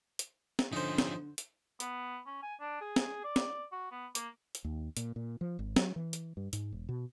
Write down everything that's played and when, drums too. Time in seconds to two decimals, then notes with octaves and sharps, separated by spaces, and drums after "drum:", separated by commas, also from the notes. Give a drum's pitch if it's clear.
0.19 drum: hi-hat
0.59 drum: snare
0.73 D3 F3 C#4 D#4 C5
0.98 drum: snare
1.38 drum: hi-hat
1.80 B3, drum: hi-hat
2.26 C#4
2.43 G#5
2.60 D4
2.81 G#4
2.96 drum: snare
3.24 D5
3.36 drum: snare
3.72 F#4
3.92 B3
4.15 A#3, drum: hi-hat
4.55 drum: hi-hat
4.64 D#2
4.97 A#2, drum: hi-hat
5.16 A#2
5.41 F3
5.59 G#1
5.76 F#3, drum: snare
5.96 E3
6.13 drum: hi-hat
6.37 G2
6.53 G#2, drum: hi-hat
6.72 E1
6.89 B2